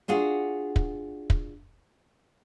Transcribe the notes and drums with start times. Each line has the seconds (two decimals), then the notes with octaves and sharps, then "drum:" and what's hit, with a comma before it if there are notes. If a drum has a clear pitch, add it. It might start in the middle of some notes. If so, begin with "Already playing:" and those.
0.08 D4 F4 F#4 G#4
0.76 drum: kick
1.30 drum: kick